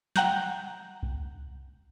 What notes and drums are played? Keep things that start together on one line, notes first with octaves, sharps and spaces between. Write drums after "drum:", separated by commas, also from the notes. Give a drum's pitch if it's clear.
F#5 G5 A#5 F#6 G6, drum: snare
drum: kick C2